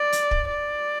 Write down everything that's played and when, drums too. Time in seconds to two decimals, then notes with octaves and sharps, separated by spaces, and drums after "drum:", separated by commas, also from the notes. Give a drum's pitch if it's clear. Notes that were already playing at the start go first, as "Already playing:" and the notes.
Already playing: D5
0.12 drum: hi-hat
0.31 drum: kick
0.50 D5